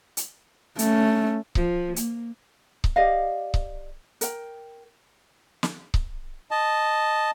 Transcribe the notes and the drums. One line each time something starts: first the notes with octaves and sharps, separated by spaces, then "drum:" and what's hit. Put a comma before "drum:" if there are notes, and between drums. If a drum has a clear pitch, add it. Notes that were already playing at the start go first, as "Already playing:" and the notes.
drum: hi-hat
A3 C#4, drum: hi-hat
F3, drum: kick C#1
A#3, drum: hi-hat
drum: kick C#1
G4 D5 D#5 F5
drum: kick C#1
A#4 G5, drum: hi-hat
drum: snare
drum: kick C#1
D#5 A5